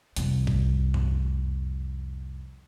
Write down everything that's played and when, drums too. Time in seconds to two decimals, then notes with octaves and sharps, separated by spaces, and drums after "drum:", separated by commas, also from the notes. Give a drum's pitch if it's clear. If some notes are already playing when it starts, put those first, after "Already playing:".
0.16 C2 F2, drum: hi-hat
0.47 drum: kick A#1
0.94 drum: tom F#2